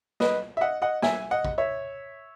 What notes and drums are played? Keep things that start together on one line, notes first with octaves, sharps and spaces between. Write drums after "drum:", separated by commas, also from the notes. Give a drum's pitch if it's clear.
B4 D#5, drum: snare
E5
D#5 F#5
D#5 F#5
E5 G#5, drum: snare
D#5 F#5
drum: kick
C#5 E5